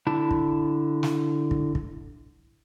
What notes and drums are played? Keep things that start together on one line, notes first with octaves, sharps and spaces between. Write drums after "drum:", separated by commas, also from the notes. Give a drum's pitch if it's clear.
D3 E4 A5
drum: kick
drum: snare
drum: kick
drum: kick